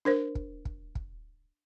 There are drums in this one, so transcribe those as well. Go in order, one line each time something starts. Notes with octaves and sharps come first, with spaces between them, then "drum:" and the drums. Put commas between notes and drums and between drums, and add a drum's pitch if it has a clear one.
D4 A#4 C5
drum: kick
drum: kick
drum: kick